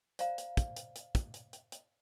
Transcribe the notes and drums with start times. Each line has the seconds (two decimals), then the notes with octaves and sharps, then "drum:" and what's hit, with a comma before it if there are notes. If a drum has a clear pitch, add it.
0.19 C5 D5 F5 A#5, drum: hi-hat
0.38 drum: hi-hat
0.57 drum: kick, hi-hat
0.76 drum: hi-hat
0.96 drum: hi-hat
1.15 drum: kick, hi-hat
1.34 drum: hi-hat
1.53 drum: hi-hat
1.72 drum: hi-hat